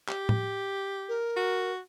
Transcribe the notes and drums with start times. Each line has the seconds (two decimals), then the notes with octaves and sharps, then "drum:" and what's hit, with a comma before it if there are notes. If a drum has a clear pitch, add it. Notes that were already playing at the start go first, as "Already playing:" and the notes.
0.09 G4, drum: clap
0.29 drum: tom A2
1.09 A#4
1.36 F#4